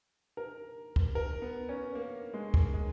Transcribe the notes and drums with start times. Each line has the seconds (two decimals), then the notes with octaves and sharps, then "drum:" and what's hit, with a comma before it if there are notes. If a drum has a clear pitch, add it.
0.37 A#4
0.96 drum: kick
1.15 A#4
1.42 B3
1.69 C#4
1.95 A#3
2.34 G#3
2.54 drum: kick
2.73 G#3